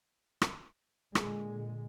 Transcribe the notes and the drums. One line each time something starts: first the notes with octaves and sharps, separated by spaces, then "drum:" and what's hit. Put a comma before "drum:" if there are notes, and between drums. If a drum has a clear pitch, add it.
drum: rim click
A#2 D3 G#3, drum: rim click